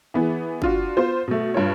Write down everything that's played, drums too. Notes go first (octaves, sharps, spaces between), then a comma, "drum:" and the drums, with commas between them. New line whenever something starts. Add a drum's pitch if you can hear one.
E3 B3 G#4
D4 F4 F#4, drum: kick G1
B3 F4 C5
B2 A3
G2 F4 C#5